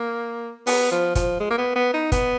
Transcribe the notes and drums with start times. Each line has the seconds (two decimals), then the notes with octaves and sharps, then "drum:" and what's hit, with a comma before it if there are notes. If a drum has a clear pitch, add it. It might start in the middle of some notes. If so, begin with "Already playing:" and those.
Already playing: A#3
0.67 B3, drum: open hi-hat
0.91 F3
1.15 F3, drum: kick, hi-hat
1.40 G#3
1.50 A#3
1.58 B3
1.75 B3
1.94 D#4
2.12 B3, drum: kick, hi-hat